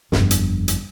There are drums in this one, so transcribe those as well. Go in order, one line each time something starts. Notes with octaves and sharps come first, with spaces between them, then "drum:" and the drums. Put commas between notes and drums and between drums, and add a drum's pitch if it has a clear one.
G1 F2, drum: snare
drum: hi-hat
drum: hi-hat